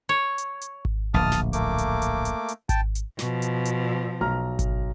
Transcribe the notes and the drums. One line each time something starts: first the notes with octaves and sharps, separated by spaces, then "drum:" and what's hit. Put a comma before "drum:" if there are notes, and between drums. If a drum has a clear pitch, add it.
C#5
drum: hi-hat
drum: hi-hat
drum: kick G#1
D1 A#1 A5 D#6 F6
drum: snare
A3 A#3 D6, drum: hi-hat
drum: hi-hat
drum: hi-hat
drum: hi-hat
drum: hi-hat
G5 A5, drum: kick G#1, hi-hat
drum: hi-hat
B2 F3, drum: snare
drum: hi-hat
drum: hi-hat
B1 A#5 F6
drum: kick G#1, hi-hat